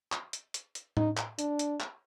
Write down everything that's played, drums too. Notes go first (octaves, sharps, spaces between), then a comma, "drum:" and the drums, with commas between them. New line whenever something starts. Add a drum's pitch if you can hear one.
drum: clap
drum: hi-hat
drum: hi-hat
drum: hi-hat
D#4, drum: tom A2
drum: clap
D4, drum: hi-hat
drum: hi-hat
drum: clap